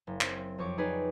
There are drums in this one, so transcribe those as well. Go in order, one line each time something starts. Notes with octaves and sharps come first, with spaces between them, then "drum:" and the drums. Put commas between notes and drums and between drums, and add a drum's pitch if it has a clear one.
F#1
C4, drum: clap
F2 C#5 C#6 D6
D#4 G#4 B4 C#5 D5